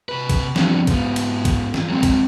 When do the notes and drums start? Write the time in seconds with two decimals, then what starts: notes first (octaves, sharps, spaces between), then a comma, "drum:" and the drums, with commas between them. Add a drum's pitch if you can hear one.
0.09 C3 B4
0.29 drum: kick A#1, cymbal
0.56 D3 F3 G3 B3 C4 D4, drum: snare
0.87 G#2 B3, drum: kick A#1, cymbal
1.16 drum: cymbal
1.45 drum: kick A#1, cymbal
1.74 drum: snare
1.90 F#3 G#3 B3 C4
2.03 drum: kick A#1, cymbal